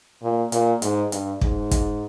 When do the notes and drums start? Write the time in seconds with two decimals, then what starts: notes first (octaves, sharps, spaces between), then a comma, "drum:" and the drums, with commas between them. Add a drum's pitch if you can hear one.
0.23 A#2
0.52 A#2, drum: hi-hat
0.82 G#2, drum: hi-hat
1.12 G2, drum: hi-hat
1.41 G#2, drum: kick
1.71 drum: kick, hi-hat